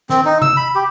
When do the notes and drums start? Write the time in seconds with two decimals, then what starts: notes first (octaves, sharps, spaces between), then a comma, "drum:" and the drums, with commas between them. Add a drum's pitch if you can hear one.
0.09 C4, drum: snare
0.25 D#4
0.42 E6, drum: tom C3
0.57 B5
0.75 G4